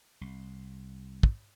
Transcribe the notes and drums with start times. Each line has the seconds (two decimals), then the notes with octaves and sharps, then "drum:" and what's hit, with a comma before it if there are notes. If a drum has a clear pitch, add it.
0.21 C2
1.23 drum: kick